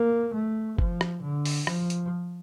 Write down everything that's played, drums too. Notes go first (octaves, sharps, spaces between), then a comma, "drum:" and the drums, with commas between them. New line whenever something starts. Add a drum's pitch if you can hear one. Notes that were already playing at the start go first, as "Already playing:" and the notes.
Already playing: A#3
A3
F3, drum: kick F#1
drum: rim click
D3
drum: open hi-hat
F3, drum: rim click
drum: hi-hat